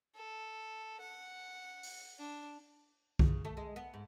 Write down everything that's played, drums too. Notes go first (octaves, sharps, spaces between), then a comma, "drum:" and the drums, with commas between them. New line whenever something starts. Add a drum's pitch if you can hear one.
A4
F#5
drum: open hi-hat
D4
C#3, drum: kick B1
A3
G#3
B3
G#2